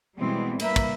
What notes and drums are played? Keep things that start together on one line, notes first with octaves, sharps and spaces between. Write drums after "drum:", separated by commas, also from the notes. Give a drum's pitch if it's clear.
B2 E3 G3 G#3 B3 C4
G2 A#3 A#4 B4 E5, drum: cymbal
drum: kick, cymbal